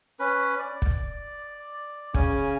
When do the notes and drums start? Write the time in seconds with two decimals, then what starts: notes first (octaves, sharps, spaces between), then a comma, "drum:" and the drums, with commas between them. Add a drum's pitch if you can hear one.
0.19 C#4 B4
0.59 D5
0.82 drum: kick
2.14 C#3 C#4 G#5, drum: kick